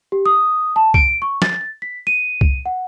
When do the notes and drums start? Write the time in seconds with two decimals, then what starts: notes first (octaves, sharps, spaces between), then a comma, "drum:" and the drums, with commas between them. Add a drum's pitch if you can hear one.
0.12 G4
0.26 D#6
0.76 A5
0.94 D7, drum: kick C2
1.22 C#6
1.42 A6, drum: snare
1.82 B6
2.07 D#7
2.41 drum: kick C2
2.66 F#5